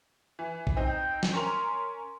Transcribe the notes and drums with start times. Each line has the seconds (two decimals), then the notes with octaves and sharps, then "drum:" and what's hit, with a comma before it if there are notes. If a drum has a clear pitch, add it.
0.39 E3
0.67 drum: kick
0.77 C4 D#4 G5
1.23 drum: snare
1.33 C#4 A#4 C6 F7